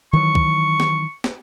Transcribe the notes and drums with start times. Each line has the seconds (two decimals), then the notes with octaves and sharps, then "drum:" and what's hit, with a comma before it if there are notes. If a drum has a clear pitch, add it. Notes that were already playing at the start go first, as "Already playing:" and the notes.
0.13 D#3 E3 F#3 C#6
0.35 drum: kick
0.80 drum: snare
1.24 drum: snare